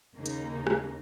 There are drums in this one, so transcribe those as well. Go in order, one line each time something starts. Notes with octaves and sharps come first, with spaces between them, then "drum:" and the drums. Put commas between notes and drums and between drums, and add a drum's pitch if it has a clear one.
D#2 C#3 A#3 D#4
drum: hi-hat
drum: rim click